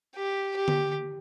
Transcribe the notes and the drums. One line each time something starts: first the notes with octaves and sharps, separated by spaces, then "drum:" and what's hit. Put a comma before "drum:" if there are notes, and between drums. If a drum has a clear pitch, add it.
G4
G4
drum: tom D3